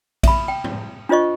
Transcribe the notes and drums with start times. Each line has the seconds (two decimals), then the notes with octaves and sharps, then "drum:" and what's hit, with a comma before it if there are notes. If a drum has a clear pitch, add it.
0.23 E5 B5, drum: kick A#1, cymbal
0.48 G5
0.64 drum: tom
1.09 D4 F4 C5 D#5 C#6